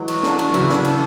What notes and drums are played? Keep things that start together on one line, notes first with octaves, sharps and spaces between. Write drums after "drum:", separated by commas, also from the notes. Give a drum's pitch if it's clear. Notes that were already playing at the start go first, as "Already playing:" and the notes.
Already playing: E3 F#3 G#3
F#4, drum: cymbal
D4, drum: snare
F#4, drum: cymbal
F#3
C#3 E3 E5, drum: cymbal
D4, drum: snare
A4, drum: cymbal